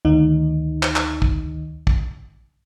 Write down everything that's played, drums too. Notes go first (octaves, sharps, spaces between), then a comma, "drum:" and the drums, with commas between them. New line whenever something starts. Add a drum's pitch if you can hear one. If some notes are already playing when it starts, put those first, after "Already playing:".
D2 D#3 D#4
drum: clap
drum: clap
drum: kick
drum: kick